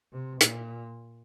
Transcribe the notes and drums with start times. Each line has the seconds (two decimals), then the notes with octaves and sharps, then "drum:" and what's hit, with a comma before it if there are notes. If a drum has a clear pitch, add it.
0.13 C3
0.41 A#2, drum: hi-hat